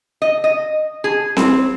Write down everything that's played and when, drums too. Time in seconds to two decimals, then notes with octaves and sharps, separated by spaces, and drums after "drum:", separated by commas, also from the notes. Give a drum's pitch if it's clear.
0.22 D#5
0.44 D#5
1.04 G#4
1.37 C4, drum: snare C4